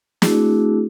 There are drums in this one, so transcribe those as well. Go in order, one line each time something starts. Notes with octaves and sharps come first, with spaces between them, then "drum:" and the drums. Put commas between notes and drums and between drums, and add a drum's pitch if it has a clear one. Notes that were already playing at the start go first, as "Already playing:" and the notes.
A3 C4 D4 E4 F#4 G#4, drum: snare